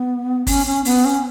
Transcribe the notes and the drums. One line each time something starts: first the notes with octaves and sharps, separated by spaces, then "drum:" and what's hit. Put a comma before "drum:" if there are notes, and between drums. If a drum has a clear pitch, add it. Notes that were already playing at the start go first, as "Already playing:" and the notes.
Already playing: B3
C#4, drum: kick, open hi-hat
C#4
B3, drum: open hi-hat
C#4